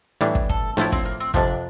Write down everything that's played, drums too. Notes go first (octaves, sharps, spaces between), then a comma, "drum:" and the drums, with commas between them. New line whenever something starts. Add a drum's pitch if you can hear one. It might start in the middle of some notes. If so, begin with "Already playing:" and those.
A2 E3 G3 D4
drum: kick
A4, drum: kick
A2 F3 A3 E4 F4, drum: snare D4
C4, drum: kick
A#3
C4
F2 C3 F3 D4, drum: kick